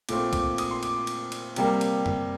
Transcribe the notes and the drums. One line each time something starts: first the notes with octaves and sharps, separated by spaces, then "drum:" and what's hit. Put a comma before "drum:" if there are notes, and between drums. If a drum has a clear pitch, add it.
A#2 A3 C4 D6, drum: cymbal
D6, drum: kick C2, cymbal
D#6, drum: cymbal
C6
D6, drum: cymbal
drum: cymbal
drum: cymbal
C3 G3 A#3, drum: cymbal
drum: cymbal
drum: tom F#2